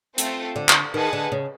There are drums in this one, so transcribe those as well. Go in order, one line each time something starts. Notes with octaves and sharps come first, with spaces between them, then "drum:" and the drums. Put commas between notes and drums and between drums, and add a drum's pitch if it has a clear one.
A3 C4 F4 A4 C5, drum: hi-hat
D3
drum: clap
D#3 G#4 B4 D#5 F#5 A5
D3
C#3